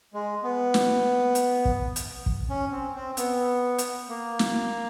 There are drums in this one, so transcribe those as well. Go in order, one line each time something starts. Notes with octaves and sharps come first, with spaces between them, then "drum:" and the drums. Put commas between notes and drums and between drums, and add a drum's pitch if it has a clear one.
G#3
B3
drum: snare
drum: hi-hat
drum: kick
drum: hi-hat
drum: kick
C#4
C4
C4
B3, drum: hi-hat
drum: hi-hat
A#3
drum: snare